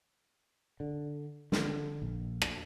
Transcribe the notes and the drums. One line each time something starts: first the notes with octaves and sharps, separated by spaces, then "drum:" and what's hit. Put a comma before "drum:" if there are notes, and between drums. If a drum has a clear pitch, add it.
D3
D3, drum: snare
A#1
drum: rim click